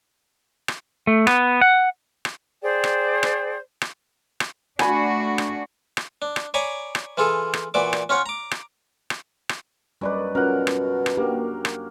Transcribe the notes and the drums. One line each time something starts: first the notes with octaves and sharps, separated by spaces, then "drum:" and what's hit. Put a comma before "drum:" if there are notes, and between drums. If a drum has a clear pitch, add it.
drum: rim click
A3
B3, drum: rim click
F#5
drum: rim click
G#4 C5 D5 G5
drum: rim click
drum: rim click
drum: rim click
drum: rim click
A3 D4 F#4 G#5 B5, drum: rim click
drum: rim click
drum: rim click
D4
drum: rim click
C#5 D5 G#5 A#5 B5 D6
drum: rim click
E3 F4 G#4 A4
drum: rim click
A#2 E3 F#4 D5 D6
drum: rim click
C#4 F4 C#5 F#5
A#5 D6
drum: rim click
drum: rim click
drum: rim click
F#2 G3 B4 D5 D#5
B2 C#4 F4 A#4 F#5
drum: rim click
drum: rim click
A#3 D4 F#4 G4
drum: rim click